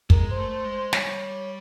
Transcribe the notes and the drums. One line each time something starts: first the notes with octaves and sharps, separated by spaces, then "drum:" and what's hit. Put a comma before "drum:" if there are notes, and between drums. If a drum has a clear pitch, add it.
G#3 A#4, drum: kick
C5
A3
C5
G#3
C5
G3 C#5, drum: snare